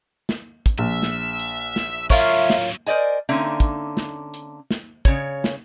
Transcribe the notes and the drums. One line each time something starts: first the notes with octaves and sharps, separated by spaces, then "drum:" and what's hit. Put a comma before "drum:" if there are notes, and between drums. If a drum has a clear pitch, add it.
drum: snare
drum: kick, hi-hat
A#1 E5
drum: snare
drum: hi-hat
drum: snare
F#3 D4 F4 A#4 C#5 E5, drum: kick, hi-hat
drum: snare
A#4 C5 D5 D#5 G#5, drum: hi-hat
D3 A#3 C4 C#4 D#4 E5
drum: kick, hi-hat
drum: snare
drum: hi-hat
drum: snare
C#3 C#5, drum: kick, hi-hat
drum: snare